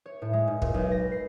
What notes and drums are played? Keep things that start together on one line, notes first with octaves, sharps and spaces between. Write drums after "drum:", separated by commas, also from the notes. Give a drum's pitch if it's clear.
C#5
A2
G#3
G#2
A#2, drum: kick
B1
A#6
C7